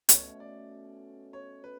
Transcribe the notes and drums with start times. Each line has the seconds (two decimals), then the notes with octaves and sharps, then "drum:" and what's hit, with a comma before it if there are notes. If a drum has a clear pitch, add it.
0.09 B2 A3 C#4 C#5, drum: hi-hat
0.40 D5
1.33 C#5
1.64 B4